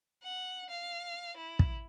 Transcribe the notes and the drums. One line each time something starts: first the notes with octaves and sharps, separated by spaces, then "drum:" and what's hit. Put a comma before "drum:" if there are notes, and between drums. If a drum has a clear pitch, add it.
F#5
F5
E4
drum: kick